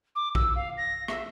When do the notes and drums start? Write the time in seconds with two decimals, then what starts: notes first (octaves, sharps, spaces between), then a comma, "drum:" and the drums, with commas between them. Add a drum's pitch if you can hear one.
0.15 D6
0.35 E6, drum: kick A#1
0.56 F5
0.78 A#6
1.08 E5, drum: rim click